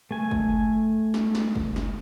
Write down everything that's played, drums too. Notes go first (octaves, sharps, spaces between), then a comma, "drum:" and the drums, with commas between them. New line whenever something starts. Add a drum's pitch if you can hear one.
A3 G#5
drum: kick
drum: snare
drum: snare
drum: kick
drum: snare